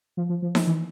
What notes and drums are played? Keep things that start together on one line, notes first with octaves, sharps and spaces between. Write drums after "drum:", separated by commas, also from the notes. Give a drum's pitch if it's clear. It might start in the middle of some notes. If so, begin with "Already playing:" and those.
F3
F3
F3
F3, drum: snare D#4
E3